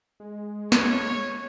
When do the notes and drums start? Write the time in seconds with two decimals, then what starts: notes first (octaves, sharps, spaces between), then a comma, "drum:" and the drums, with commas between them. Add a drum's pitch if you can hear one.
0.20 G#3
0.72 C#5, drum: snare